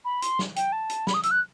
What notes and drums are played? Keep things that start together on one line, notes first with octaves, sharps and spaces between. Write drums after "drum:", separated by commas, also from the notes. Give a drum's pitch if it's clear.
B5
C6, drum: hi-hat
drum: snare
G5, drum: hi-hat
A5
drum: hi-hat
B5, drum: snare
D#6
E6, drum: hi-hat
F#6